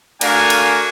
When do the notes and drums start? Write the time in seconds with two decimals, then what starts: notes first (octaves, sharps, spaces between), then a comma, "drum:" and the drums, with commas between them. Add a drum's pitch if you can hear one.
0.21 A3 D4 F#4 A#4 F5 G#5, drum: cymbal
0.50 drum: cymbal